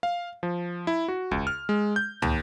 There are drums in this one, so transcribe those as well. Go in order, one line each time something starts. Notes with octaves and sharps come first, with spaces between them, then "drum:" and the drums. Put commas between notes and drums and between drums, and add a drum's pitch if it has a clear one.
F5
F3
E4
F#4
C#2, drum: kick D#2
F6
G#3
G6
D#2, drum: tom